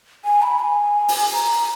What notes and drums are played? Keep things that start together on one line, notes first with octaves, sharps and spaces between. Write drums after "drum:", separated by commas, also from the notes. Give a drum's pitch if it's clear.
G#5
B5
G#5
drum: open hi-hat
A#5